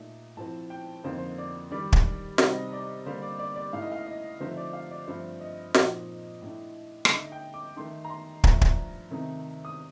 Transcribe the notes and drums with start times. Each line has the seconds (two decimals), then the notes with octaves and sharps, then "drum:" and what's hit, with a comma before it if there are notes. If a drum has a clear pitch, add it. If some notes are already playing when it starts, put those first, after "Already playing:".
Already playing: A#2 A3 D#4
0.37 A2 F3 C4 A5
0.70 G5
1.04 F2 D3 F3 A#3 D#4 C5
1.18 C5
1.38 D5
1.71 D#3 G3 D4 D5
1.92 drum: kick
2.38 C3 G3 C4 D#4 D#5, drum: snare
2.73 D5
3.06 D3 G3 A#3 C5
3.22 D5
3.39 D5
3.56 D5
3.73 A2 A3 D#4 F5
3.82 D#5
3.92 F5
4.07 D#5
4.40 D3 F3 A3 C4 D#4 C5
4.57 D5
4.73 F5
4.91 D5
5.07 G2 F3 A3 C4 C5
5.41 D#5
5.74 A#2 F3 C4 D#4, drum: snare
6.42 A2 A3 D4
7.05 F5, drum: rim click
7.09 D3 A3 D#4 D#5
7.32 G5
7.54 D6
7.76 D#3 A3 D#4 C6
8.05 A#5
8.10 C6
8.44 G2 F3 A3 A#5, drum: kick
8.61 drum: kick
9.10 C3 D#3 A3 D#4
9.65 D#6